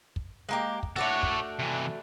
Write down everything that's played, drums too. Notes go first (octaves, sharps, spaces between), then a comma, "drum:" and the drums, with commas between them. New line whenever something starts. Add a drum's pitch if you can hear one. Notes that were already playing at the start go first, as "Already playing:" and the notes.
drum: kick
G#3 A#3 G4
drum: kick
A3 D4 F#4 A4 C#5
drum: kick
C3 E3